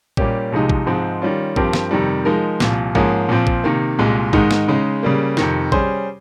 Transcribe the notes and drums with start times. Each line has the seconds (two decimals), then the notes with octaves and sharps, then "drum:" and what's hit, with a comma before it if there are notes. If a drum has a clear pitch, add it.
0.17 A#2 G3 A#3 C#4 G4, drum: kick A1
0.52 C2 C3 F3 G#3 D#4
0.69 drum: kick A1
0.86 G#2 F3 G#3 C4 D#4
1.22 D#3 G3 C#4 F4
1.56 G2 F3 C4 G4 A#4, drum: kick A1
1.73 drum: snare
1.91 F2 C3 D#3 G3
2.25 F3 G#3 D#4 A#4
2.60 C2 A#2 F3, drum: snare
2.95 G#2 F3 A#3 C#4 G#4, drum: kick A1
3.29 A#2 F3 C4
3.47 drum: kick A1
3.64 C3 D#3 A#3
3.99 C2 A#2 G#3
4.33 G#2 D#3 G#3 D#4, drum: kick A1
4.51 drum: snare
4.68 C#3 G#3 D#4
5.03 C#3 G3 A#3
5.37 F2 C3 D#3, drum: snare
5.72 G3 C#4 G#4 C5, drum: kick A1